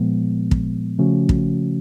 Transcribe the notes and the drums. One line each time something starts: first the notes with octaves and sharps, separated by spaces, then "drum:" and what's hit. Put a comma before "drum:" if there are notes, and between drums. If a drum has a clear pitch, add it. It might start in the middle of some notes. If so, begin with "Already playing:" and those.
Already playing: A#2 F3 G#3 B3
drum: kick
C#3 F3 A3 C#4 F#4
drum: kick